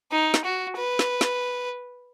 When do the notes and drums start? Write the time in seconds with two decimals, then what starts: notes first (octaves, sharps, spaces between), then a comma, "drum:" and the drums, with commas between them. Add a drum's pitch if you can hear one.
0.12 D#4
0.34 drum: snare
0.45 F#4
0.77 B4
0.99 drum: snare
1.21 drum: snare